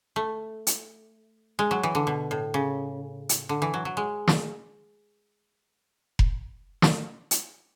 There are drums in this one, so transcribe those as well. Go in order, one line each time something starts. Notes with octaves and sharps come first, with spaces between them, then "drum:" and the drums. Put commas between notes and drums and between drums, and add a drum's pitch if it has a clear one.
A3
drum: hi-hat
G#3
F#3
E3
D3
B2
A2
C#3
drum: hi-hat
D3
E3
F#3
F#3
G#3
drum: snare
drum: kick F1
drum: snare
drum: hi-hat